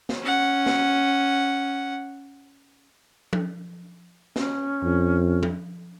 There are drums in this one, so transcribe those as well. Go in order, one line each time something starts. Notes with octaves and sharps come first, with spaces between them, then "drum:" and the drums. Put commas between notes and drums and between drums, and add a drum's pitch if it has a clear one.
drum: snare
C#4 F#5
drum: snare
drum: tom F3
C#4, drum: snare
F2
drum: tom F3